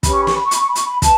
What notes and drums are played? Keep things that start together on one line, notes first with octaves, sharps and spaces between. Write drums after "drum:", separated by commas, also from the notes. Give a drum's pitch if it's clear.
C#4 G4 B4 B5, drum: kick, hi-hat
C#6
B5
C#6, drum: snare
B5
C#6
B5, drum: hi-hat
C#6
B5
C#6, drum: hi-hat
B5
B4 A5, drum: kick, hi-hat